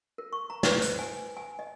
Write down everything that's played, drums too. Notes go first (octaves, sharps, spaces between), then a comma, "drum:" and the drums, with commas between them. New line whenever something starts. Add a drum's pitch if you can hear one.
A#4
C#6
A#5
B4, drum: snare
C5, drum: hi-hat
G#5
G#5
D#5